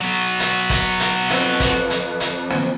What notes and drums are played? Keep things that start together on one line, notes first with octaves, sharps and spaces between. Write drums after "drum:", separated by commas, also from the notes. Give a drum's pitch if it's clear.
F#3 B3
drum: hi-hat
drum: kick, hi-hat
drum: hi-hat
F2 B4, drum: hi-hat
drum: kick, hi-hat
drum: hi-hat
drum: hi-hat
drum: snare